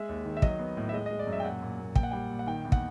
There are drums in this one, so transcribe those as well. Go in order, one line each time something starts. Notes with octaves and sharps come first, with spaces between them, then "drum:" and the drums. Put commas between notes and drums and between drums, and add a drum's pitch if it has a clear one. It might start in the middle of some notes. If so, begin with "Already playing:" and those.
Already playing: G#3 E5
D#2
D#3
E5
F#3 D#5, drum: kick
B3
A2
E5
G#3 D#5
G#3 D#5
D5
F#2
E5
G5
A#2 F#5
A#2
A#2
A#1 G5, drum: kick
F#5
G3 G5
A#2
F#5
D#3 G5
E2
F#5, drum: kick